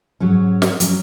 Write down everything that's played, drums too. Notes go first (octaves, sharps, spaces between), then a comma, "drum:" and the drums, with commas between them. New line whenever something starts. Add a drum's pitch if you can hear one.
G#2 F#3 C#4 C#5
drum: snare
F#3 C#4, drum: hi-hat